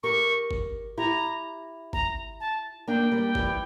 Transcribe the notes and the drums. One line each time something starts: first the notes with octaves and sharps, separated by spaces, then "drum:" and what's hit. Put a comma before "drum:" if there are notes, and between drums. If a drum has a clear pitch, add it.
G4 A#4 C#6
drum: kick G#1
E4 G4 A#5
A#5, drum: kick G#1
A5
A#3 D4 G5
G3 A#3
E3 G3, drum: kick G#1